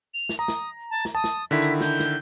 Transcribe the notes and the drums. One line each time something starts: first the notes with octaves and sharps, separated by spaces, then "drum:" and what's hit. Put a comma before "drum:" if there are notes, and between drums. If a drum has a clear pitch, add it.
F7
drum: snare
A#5 D#6
drum: snare
A5
drum: snare
A5 D#6
drum: snare
D3 D#3 E4 B6
drum: hi-hat
G6, drum: snare
drum: snare